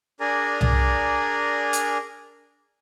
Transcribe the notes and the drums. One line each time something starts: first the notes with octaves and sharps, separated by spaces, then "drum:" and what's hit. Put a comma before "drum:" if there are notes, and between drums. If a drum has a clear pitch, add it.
D4 G#4 A#4 D5 G#5 A#5
drum: tom C2
drum: hi-hat